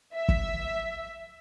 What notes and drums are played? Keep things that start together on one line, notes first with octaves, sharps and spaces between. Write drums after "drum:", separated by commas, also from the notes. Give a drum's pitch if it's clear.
E5
drum: kick